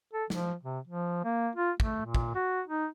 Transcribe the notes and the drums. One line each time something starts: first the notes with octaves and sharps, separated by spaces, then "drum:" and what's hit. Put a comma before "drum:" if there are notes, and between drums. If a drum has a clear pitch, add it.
A4
F3, drum: snare
C3
F3
A#3
F4
A3, drum: kick
A#2
drum: kick
F#4
D#4